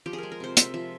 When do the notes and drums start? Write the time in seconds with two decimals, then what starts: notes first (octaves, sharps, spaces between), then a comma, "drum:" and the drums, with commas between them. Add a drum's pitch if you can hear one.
0.06 F3 G4
0.13 G#4
0.18 G#3 A#4
0.32 A#4
0.40 C3 C5
0.57 C3 E5, drum: hi-hat
0.74 F3 E5